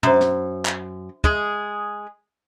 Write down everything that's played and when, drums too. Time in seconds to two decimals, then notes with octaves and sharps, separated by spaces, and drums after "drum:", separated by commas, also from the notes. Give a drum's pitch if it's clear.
0.03 F#2 C5 A#5, drum: tom
0.21 drum: snare
0.65 drum: clap
1.24 G#3 G#4, drum: kick